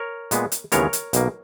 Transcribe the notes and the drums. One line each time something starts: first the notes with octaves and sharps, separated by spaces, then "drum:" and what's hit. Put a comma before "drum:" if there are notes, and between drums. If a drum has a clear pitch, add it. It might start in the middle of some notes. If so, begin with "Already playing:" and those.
Already playing: A#4 C#5
A#2 G#3 B3, drum: hi-hat
drum: hi-hat
D#2 C#3 E3 G#3 B3 A#4 C#5, drum: hi-hat
drum: hi-hat
B1 B2 A#3, drum: hi-hat